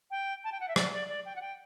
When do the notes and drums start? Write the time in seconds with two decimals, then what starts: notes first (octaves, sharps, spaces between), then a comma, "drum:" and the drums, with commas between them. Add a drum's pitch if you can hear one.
0.11 G5
0.44 A5
0.52 G5
0.60 F#5
0.68 E5
0.76 D5, drum: rim click
0.93 D5
1.09 D5
1.25 G5
1.36 F#5
1.41 G5